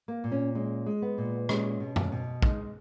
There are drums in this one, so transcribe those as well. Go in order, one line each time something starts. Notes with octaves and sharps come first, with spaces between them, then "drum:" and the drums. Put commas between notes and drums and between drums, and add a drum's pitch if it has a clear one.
A#3
A#2
C#4
G#3 C#4
G#3
B3
A#2
G#3 C#4, drum: rim click
B2
drum: tom F#2
B2
G#3 D#4, drum: kick